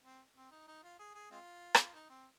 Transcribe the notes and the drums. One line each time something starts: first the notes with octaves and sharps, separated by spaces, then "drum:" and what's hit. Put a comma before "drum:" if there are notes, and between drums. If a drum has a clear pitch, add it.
C4
C4
D#4
D#4
F4
G#4
G#4
G#3 C4 F4
drum: rim click
D#4
C4